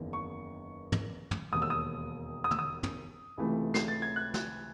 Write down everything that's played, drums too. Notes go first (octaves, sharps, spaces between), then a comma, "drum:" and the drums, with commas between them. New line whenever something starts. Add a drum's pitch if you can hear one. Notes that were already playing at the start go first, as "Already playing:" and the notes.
Already playing: F#1 E2 D#3
C#6
drum: tom
drum: tom
E1 D#2 D#3 D#6
E6
D#6
D#6
E6, drum: tom
D#6
drum: tom
C#2 C3 E3 A3
C7, drum: snare
A6
G#6
F#6
drum: snare